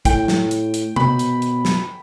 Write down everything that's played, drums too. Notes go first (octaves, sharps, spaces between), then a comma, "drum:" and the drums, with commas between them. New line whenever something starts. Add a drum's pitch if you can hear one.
A2 G5, drum: kick, hi-hat
drum: snare
drum: hi-hat
drum: hi-hat
B2 B5, drum: tom C3
drum: hi-hat
drum: hi-hat
drum: snare